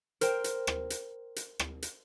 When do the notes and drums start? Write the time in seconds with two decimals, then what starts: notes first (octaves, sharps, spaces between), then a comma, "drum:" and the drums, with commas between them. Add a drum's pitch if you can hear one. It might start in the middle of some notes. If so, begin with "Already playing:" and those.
0.21 A#4 C5 G5, drum: hi-hat
0.44 drum: hi-hat
0.67 drum: rim click
0.90 drum: hi-hat
1.36 drum: hi-hat
1.59 drum: rim click
1.82 drum: hi-hat